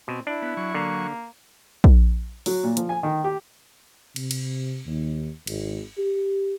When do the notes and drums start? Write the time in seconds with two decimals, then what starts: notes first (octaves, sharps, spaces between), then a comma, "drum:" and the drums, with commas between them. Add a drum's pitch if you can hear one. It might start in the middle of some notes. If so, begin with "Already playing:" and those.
0.08 B2 C4
0.27 D4 E4
0.42 B3
0.57 F#3 C#6
0.74 D3 A#3
1.84 drum: kick A#1
2.46 F#3, drum: open hi-hat
2.63 A#2
2.77 F3, drum: hi-hat
2.89 G#5
3.03 D#3
3.24 G4
4.16 C3, drum: cymbal
4.31 drum: cymbal
4.86 D#2
5.47 G#1, drum: cymbal
5.98 G4